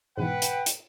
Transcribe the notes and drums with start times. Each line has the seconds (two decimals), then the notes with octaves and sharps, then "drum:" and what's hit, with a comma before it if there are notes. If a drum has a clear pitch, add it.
0.18 G#2 B2 E3 B4 F#5 G5
0.42 drum: hi-hat
0.66 drum: hi-hat